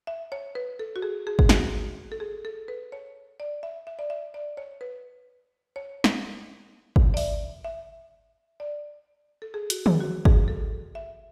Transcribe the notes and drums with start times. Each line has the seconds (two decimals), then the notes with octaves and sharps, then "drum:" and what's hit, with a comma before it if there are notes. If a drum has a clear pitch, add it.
0.07 E5
0.32 C#5
0.55 B4
0.79 A4
0.96 F#4
1.02 G#4
1.27 G#4
1.39 G#4, drum: kick G1
1.49 F#4, drum: snare
2.12 A4
2.20 G#4
2.45 A4
2.68 B4
2.92 C#5
3.40 D5
3.63 E5
3.87 E5
3.99 D5
4.10 E5
4.34 D5
4.57 C#5
4.81 B4
5.76 C#5
6.04 drum: snare
6.96 drum: kick G1
7.14 D5
7.17 E5, drum: open hi-hat
7.65 E5
8.60 D5
9.42 A4
9.54 G#4
9.70 F#4, drum: hi-hat
9.86 G#4, drum: tom
10.01 F#4
10.25 G#4, drum: kick G1
10.48 A4
10.95 E5